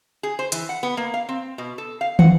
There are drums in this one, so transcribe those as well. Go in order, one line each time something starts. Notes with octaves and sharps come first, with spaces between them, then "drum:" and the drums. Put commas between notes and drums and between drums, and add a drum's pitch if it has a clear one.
G#4
C5
E3, drum: hi-hat
F#5
B3
A#3
F5
C4
B2
A4
F5
F#5, drum: tom